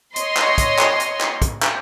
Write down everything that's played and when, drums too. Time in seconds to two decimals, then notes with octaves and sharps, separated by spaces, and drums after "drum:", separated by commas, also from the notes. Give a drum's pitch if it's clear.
0.16 C#5 D#5 C6, drum: hi-hat
0.37 drum: clap
0.58 drum: kick, hi-hat
0.79 drum: clap
1.00 drum: hi-hat
1.21 drum: clap
1.42 drum: kick, hi-hat
1.63 drum: clap